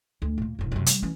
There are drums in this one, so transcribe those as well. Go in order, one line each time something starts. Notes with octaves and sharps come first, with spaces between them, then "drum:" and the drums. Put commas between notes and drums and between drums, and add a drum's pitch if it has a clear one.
D2
A#2 A#3
E1 F#2
F#2 C3
G3, drum: hi-hat
E3 C#4